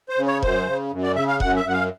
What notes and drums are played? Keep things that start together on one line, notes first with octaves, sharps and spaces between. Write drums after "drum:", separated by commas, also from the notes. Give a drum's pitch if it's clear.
C5
C#3
C#5
F#2 C5, drum: kick E1
C#3
F#2
D5
C#3 E5
F5
F#2 F#5, drum: kick E1
E5
F#2 F#5
F5